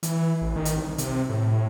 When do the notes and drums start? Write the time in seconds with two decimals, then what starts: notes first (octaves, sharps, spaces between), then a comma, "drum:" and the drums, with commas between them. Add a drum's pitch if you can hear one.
0.03 E3, drum: hi-hat
0.42 A1
0.56 D#3
0.65 drum: hi-hat
0.76 C2
0.98 C3, drum: hi-hat
1.29 A2